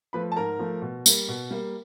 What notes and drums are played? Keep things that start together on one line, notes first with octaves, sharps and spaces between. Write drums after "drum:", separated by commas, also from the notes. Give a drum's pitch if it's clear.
F3 A3 B4 B5
A5
G#2 A#4 A#5
F3 A3
B2
G3 A#3, drum: tambourine
B2
G3 A#3